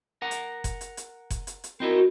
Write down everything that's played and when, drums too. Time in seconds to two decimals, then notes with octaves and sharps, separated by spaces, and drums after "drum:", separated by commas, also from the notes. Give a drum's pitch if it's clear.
0.22 A#4 F#5
0.31 drum: hi-hat
0.64 drum: kick F#1, hi-hat
0.81 drum: hi-hat
0.97 drum: hi-hat
1.30 drum: kick F#1, hi-hat
1.47 drum: hi-hat
1.64 drum: hi-hat
1.80 C4 D#4 E4 F#4 A#4